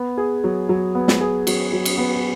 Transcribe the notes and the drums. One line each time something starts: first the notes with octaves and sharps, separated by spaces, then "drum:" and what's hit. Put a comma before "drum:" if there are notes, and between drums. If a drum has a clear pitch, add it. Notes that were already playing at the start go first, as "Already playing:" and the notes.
Already playing: B3
G#4
F#3
F#3
B3
drum: snare
G#4
F#3, drum: cymbal
F#3
drum: cymbal
B3